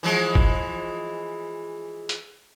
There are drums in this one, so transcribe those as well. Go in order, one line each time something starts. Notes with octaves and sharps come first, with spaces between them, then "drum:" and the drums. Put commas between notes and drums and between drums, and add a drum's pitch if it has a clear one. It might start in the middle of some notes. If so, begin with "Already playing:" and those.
E3 F3 G#3
drum: kick
drum: hi-hat